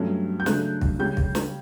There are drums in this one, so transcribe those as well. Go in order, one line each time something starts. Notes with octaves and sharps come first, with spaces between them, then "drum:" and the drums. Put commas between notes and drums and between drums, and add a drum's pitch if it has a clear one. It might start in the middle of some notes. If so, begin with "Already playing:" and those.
Already playing: G2 F#3 A3 C#4
G6
C#3 F#3 A3 D4 F#6, drum: snare
drum: kick
C#3 G3 C#4 G6
drum: kick
drum: snare